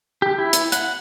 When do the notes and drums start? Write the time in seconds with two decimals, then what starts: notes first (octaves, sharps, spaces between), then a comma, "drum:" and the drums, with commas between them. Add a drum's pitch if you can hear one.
0.22 G4
0.38 E4
0.53 drum: hi-hat
0.72 F#5, drum: hi-hat